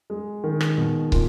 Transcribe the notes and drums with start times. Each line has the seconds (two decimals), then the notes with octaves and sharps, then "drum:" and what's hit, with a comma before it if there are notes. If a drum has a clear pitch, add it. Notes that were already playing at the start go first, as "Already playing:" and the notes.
0.10 G#3
0.44 D#3
0.61 drum: rim click
0.78 B2
1.12 A#2, drum: kick